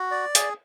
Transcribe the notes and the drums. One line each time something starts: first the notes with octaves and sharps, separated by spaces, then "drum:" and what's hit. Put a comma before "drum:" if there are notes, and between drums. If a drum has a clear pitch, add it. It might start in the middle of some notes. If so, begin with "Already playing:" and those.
Already playing: F#4
D5
G#4, drum: hi-hat